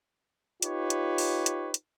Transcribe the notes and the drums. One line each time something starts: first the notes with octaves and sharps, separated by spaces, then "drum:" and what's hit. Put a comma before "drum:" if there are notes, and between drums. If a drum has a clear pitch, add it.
D#4 F4 G4 B4 C#5, drum: hi-hat
drum: hi-hat
drum: open hi-hat
drum: hi-hat
drum: hi-hat